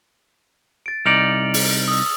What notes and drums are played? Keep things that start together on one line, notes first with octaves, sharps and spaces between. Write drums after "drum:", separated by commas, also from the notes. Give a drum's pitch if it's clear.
A6 D7
C2 D#4 D5 F6 F7 F#7
drum: open hi-hat
D#6 E6